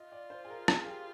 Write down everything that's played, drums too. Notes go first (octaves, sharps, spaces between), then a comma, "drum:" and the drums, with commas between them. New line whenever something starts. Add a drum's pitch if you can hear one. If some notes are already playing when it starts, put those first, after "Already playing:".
Already playing: F4 D#5
D5
C5
G#4
A#4
G#4, drum: rim click
G#4
G4